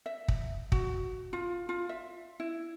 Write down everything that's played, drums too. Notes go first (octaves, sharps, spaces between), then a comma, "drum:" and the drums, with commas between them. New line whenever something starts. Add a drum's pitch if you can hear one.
E5
drum: kick
F#4, drum: kick
F4
F4
E5
E4